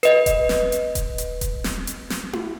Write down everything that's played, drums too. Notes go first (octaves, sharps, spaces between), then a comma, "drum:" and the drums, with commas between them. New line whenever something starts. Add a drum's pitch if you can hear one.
B4 D#5, drum: hi-hat
drum: kick D#1, hi-hat
drum: snare
drum: hi-hat
drum: kick D#1, hi-hat
drum: hi-hat
drum: kick D#1, hi-hat
drum: snare
drum: hi-hat
drum: snare
drum: tom E4